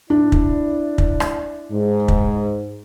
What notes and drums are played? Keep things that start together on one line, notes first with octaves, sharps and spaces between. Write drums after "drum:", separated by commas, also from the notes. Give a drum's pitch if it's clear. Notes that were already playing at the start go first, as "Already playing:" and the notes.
D4 E4 D5
drum: kick
drum: kick
drum: rim click
G#2
drum: kick